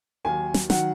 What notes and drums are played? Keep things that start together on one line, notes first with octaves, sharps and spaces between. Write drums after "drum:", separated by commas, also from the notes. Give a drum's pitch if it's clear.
D#2 D#3 F#3 G#5
drum: snare
D#3 F#3 F#5, drum: snare